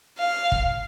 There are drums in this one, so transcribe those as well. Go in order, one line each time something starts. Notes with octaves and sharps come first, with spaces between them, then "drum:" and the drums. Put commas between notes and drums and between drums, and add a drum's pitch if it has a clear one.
F5
drum: kick